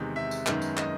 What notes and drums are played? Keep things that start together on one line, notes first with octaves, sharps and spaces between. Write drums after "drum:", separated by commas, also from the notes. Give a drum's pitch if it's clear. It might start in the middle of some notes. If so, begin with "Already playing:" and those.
Already playing: E2 C3 D#3 G#3
E5
drum: tambourine
F#2 D#3 G#3 B3, drum: clap
drum: tambourine
D#5, drum: clap